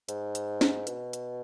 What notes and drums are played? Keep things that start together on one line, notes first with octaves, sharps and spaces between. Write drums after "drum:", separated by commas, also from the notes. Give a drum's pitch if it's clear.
G#2, drum: hi-hat
drum: hi-hat
drum: snare
B2, drum: hi-hat
drum: hi-hat